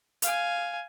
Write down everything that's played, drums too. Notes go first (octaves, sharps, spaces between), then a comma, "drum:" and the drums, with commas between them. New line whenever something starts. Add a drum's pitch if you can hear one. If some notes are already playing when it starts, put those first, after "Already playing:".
F5 G#5, drum: hi-hat